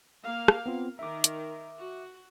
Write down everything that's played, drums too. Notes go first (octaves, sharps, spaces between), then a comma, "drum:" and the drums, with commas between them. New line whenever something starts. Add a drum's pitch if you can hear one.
A#3 F5
drum: rim click
B3 C4 F4
D#3 A#4 E5 D6
drum: hi-hat
F#4